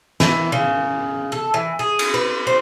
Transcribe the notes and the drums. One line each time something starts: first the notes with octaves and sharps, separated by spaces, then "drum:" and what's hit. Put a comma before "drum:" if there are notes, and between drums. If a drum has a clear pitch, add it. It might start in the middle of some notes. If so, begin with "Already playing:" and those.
E3, drum: snare
C#3
A4
E3
G#4
drum: cymbal
B4
C5